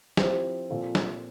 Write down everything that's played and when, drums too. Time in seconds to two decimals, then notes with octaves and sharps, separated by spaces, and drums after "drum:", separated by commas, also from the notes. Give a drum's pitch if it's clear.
0.17 F3 C4 E4 G4 C5, drum: snare
0.70 A#2 F3 C4 F4 A4
0.95 drum: snare